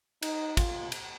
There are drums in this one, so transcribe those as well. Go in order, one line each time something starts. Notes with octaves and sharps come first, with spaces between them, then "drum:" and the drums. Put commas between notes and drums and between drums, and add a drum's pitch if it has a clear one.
D#4, drum: cymbal
F4, drum: kick, cymbal
drum: cymbal